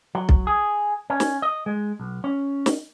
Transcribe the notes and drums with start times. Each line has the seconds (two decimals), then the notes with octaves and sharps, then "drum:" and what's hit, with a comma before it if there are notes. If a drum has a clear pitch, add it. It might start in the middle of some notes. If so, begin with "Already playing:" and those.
0.15 F#3
0.29 drum: kick B1
0.47 G#4
1.10 C#4
1.20 drum: snare
1.42 D#5
1.66 G#3
2.00 B1
2.24 C#4
2.66 drum: snare